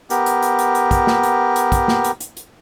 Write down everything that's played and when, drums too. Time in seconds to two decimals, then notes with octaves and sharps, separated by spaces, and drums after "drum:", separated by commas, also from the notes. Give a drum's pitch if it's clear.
0.10 B3 G4 A#4, drum: hi-hat
0.26 drum: hi-hat
0.42 drum: hi-hat
0.59 drum: hi-hat
0.75 drum: hi-hat
0.91 drum: kick, hi-hat
1.07 drum: snare
1.23 drum: hi-hat
1.56 drum: hi-hat
1.72 drum: kick, hi-hat
1.88 drum: snare
2.04 drum: hi-hat
2.20 drum: hi-hat
2.37 drum: hi-hat